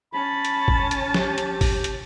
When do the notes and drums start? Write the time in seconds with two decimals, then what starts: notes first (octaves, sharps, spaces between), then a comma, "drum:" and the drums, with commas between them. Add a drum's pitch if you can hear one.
0.14 C#4 A5 B5
0.45 drum: hi-hat
0.68 drum: kick G#1
0.91 drum: hi-hat
1.14 G4, drum: snare
1.38 drum: hi-hat
1.61 drum: kick G#1, open hi-hat
1.84 drum: hi-hat